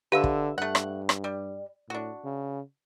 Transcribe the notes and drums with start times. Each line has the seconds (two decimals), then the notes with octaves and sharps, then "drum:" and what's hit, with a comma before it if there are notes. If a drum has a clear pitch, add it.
0.12 D3 G4 B4 E5 F5
0.24 drum: kick
0.58 G2 A3 F#5
0.75 drum: rim click
1.09 drum: rim click
1.24 G3
1.90 A2 D4 F#4
2.24 C#3